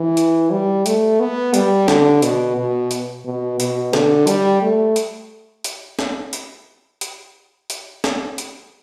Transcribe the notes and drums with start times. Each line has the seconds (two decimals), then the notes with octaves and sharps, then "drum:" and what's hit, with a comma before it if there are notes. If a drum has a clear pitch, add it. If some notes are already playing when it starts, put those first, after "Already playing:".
Already playing: E3
0.17 drum: hi-hat
0.51 G3
0.86 A3, drum: hi-hat
1.20 B3
1.54 G3, drum: hi-hat
1.88 D3, drum: snare
2.22 B2, drum: hi-hat
2.57 B2
2.91 drum: hi-hat
3.25 B2
3.60 B2, drum: hi-hat
3.93 D3, drum: snare
4.27 G3, drum: hi-hat
4.62 A3
4.96 drum: hi-hat
5.64 drum: hi-hat
5.99 drum: snare
6.33 drum: hi-hat
7.01 drum: hi-hat
7.70 drum: hi-hat
8.04 drum: snare
8.38 drum: hi-hat